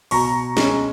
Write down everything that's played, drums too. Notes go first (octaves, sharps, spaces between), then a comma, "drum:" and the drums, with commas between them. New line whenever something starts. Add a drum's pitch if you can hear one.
B2 A#5 C#6, drum: open hi-hat
G#3 C#4, drum: snare